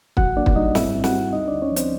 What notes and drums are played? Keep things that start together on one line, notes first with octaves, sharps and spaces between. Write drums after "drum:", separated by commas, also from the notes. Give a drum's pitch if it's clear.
F#2 F#4 F#5, drum: kick
A#3 D4 D5
drum: kick
G3 D#4 D#5
G#2 E4 E5, drum: snare
C4
F#4 F#5, drum: snare
G3
D2 D#4 D#5
D2 D4 D5
C#4 C#5
F3
C4 C5, drum: hi-hat